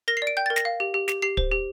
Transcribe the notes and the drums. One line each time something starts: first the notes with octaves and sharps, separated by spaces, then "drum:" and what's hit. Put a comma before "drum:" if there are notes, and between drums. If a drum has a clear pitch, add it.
A#4 A#6
C7
D5
D7
G5 G6
A6
A#4
A#6, drum: snare
F5
G4
G4
G4, drum: snare
G4 C7
C5, drum: kick
G4